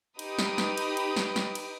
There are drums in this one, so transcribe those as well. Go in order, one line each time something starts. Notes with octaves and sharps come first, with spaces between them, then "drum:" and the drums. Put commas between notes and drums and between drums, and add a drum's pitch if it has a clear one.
D#4 G4 B4 B5 D#6 D7, drum: cymbal
drum: snare
drum: snare
drum: cymbal
drum: cymbal
drum: snare
drum: snare
drum: cymbal